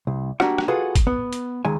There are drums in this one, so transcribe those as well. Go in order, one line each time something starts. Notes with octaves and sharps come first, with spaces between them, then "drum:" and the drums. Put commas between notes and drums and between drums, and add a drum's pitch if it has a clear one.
C2
A#3 D4 F#4 G4 F#5, drum: rim click
drum: rim click
F4 F#4 G#4 A4 B4
drum: kick, hi-hat
B3
drum: hi-hat
C#2 D#3 G#3 G#5